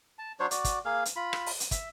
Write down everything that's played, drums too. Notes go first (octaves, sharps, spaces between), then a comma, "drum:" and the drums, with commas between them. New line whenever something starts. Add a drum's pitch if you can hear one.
A5
F#3 D4 C5 C#5
F#4 D5, drum: hi-hat
drum: kick, hi-hat
A#3 G#4 F5
drum: hi-hat
F4 B5
drum: rim click
drum: open hi-hat
drum: hi-hat
E5, drum: kick, hi-hat